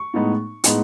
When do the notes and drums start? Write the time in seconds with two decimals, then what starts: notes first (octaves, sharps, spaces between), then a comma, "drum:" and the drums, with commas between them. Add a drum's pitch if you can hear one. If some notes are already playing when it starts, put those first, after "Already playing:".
Already playing: C#6
0.14 A2 G#3 B3 D#4
0.64 A2 G#3 B3 D#4, drum: hi-hat